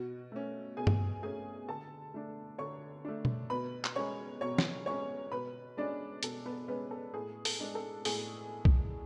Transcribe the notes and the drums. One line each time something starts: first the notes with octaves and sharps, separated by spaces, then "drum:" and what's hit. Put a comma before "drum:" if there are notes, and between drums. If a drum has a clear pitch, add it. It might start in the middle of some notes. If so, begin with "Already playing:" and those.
Already playing: B2 F#4
A3 C#4
B2 G#4 G#5
drum: tom G2
A3 C#4 G#4 G#5
D3 A4 A5
A3 D4
D3 C#5 C#6
A3 D4
drum: tom
B2 B4 B5
drum: clap
G#3 C#4 C#5 C#6
B2 C#5 C#6
drum: snare
G#3 C#4 C#5 C#6
B2 B4 B5
G#3 C#4 D4 D5
B2 A4, drum: hi-hat
B3 B4
G#3 B3 C#4 B4
A4
A2 G#4
A4, drum: open hi-hat
G#3 D4
A4
A2 G#4, drum: open hi-hat
drum: kick B1